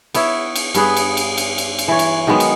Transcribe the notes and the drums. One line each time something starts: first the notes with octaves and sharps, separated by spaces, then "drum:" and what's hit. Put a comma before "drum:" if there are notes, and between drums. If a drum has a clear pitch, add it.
B3 E4 C#5 E5, drum: cymbal
drum: cymbal
G2 B3 G#4 B4, drum: cymbal
drum: cymbal
drum: cymbal
drum: cymbal
drum: cymbal
drum: cymbal
E3 C#5
drum: cymbal
D#3 F#3 G#3 B3
drum: cymbal